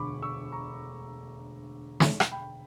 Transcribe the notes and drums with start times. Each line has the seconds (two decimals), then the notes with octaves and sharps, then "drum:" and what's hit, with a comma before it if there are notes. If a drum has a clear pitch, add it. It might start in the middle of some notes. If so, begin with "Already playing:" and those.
Already playing: E1 D2 D3 B5 C#6 D6
0.22 C#6 E6
0.52 A#5 C#6
2.00 drum: snare
2.20 drum: rim click
2.31 G5 B5